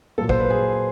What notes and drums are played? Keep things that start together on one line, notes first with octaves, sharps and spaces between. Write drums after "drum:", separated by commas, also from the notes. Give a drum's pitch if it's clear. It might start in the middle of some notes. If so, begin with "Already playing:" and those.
A#2 F#3 A#3 A4
C5, drum: kick
B4
G#4